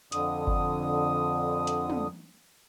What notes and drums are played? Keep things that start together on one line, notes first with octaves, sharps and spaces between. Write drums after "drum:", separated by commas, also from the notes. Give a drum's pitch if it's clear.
F2 D3 D#6, drum: hi-hat
drum: kick G1
drum: hi-hat
drum: tom